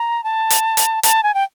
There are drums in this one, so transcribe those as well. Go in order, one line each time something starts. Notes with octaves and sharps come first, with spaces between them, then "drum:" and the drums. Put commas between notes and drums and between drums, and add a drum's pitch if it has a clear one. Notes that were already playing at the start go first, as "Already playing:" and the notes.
Already playing: A#5
A5
drum: hi-hat
drum: hi-hat
A5, drum: hi-hat
G#5
G5